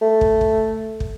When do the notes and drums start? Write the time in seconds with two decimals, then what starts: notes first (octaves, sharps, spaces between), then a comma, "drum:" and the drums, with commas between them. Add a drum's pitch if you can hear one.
0.01 A3
0.21 drum: kick
0.41 drum: kick
1.00 drum: kick